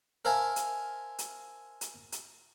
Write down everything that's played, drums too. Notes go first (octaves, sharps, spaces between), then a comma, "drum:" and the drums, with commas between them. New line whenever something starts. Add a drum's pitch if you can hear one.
A#4 C5 E5 F5 G#5 A5
drum: hi-hat
drum: hi-hat
drum: hi-hat
drum: hi-hat